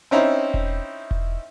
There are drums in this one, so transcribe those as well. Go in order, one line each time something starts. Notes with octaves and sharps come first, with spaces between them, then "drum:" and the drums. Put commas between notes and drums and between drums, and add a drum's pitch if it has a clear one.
C4 C#4 D#4 E4 C5
drum: kick E1
drum: kick E1